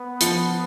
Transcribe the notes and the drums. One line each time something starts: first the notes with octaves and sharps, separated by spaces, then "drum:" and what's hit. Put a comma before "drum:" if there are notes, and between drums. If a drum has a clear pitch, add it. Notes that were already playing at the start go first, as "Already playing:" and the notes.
Already playing: B3
F3, drum: hi-hat